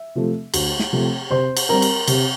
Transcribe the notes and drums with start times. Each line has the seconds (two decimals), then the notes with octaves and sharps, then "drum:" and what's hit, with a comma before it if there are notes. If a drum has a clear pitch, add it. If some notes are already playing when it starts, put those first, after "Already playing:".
Already playing: E5
0.15 C3 F3 A3
0.54 D2, drum: cymbal
0.79 drum: snare
0.93 C3 F3 A3
1.31 C3 C5 C6
1.57 drum: cymbal
1.69 G3 C4 A#4 A#5
1.82 drum: cymbal
2.08 C3, drum: cymbal